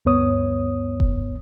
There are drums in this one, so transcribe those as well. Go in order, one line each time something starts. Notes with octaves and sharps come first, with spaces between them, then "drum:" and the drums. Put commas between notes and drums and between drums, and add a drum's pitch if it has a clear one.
D2 G2 B3 C#5 D#6
drum: kick F1